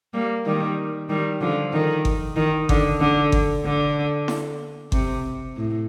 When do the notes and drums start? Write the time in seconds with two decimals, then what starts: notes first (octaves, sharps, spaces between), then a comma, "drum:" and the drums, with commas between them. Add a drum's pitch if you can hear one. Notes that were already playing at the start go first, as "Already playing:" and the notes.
0.13 G3 A#3
0.46 D#3 G3
1.09 D#3 G3
1.41 D3 F3
1.73 D#3
2.05 drum: kick G1
2.36 D#3
2.69 D3, drum: kick G1
3.00 D3
3.32 drum: kick G1
3.65 D3
4.28 drum: snare E4
4.92 C3, drum: kick G1
5.56 A2